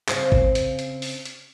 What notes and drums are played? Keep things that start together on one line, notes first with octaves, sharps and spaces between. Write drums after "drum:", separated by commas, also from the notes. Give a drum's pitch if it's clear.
C#3 C4 C5, drum: clap
drum: kick G#1
drum: hi-hat
drum: hi-hat
drum: open hi-hat
drum: hi-hat